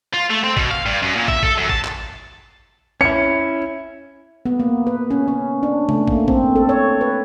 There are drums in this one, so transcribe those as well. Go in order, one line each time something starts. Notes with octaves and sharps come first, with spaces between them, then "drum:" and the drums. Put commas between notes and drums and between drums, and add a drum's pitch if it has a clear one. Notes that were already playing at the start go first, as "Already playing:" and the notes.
F4
A3
C4
B2, drum: kick
F5
G2
F#2
A#2
E5, drum: kick
A4, drum: kick
F#2
A5, drum: kick
drum: clap
C#4 E4 C#7
B3
A#3
B4
C#4
C#4
D4
A3, drum: tom C#3
A#3, drum: kick
C4, drum: kick
A4
C#5
B4